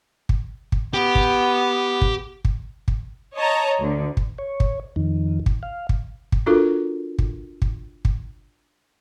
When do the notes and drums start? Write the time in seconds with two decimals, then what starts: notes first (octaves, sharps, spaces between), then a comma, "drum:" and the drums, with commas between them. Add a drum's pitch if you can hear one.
0.29 drum: kick
0.72 drum: kick
0.94 B3 G4
1.15 drum: kick
2.02 drum: kick
2.45 drum: kick
2.88 drum: kick
3.35 C#5 D#5 A5 A#5
3.80 D2 D3
4.17 drum: kick
4.38 C#5
4.60 drum: kick
4.96 F2 D#3
5.46 drum: kick
5.63 F5
5.89 drum: kick
6.32 drum: kick
6.46 D4 F4 F#4 A4 A#4
7.19 drum: kick
7.62 drum: kick
8.05 drum: kick